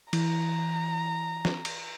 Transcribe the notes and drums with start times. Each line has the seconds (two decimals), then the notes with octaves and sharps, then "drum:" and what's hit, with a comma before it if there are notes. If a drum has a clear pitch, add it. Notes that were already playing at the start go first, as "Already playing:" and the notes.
0.13 E3 A#5, drum: cymbal
1.45 drum: snare
1.65 drum: cymbal